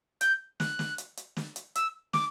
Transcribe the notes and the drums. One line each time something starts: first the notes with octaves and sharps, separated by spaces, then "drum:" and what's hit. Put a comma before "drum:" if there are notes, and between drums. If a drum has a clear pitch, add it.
G6, drum: hi-hat
F#6, drum: snare
drum: snare
drum: hi-hat
drum: hi-hat
drum: snare
drum: hi-hat
E6, drum: hi-hat
D6, drum: snare